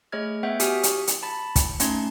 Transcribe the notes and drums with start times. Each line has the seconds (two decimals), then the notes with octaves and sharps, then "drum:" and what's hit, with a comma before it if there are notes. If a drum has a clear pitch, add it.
0.12 A3 G#4 C#5 D#5 F6 G#6
0.43 B3 C#5 E5 F#5 G5 G6
0.60 F#4 G4 G#5 D#6 F6, drum: hi-hat
0.83 drum: hi-hat
1.07 drum: hi-hat
1.23 A5 B5 A6
1.56 drum: kick, hi-hat
1.80 A3 C#4 D#4 A5 C6 G#6, drum: hi-hat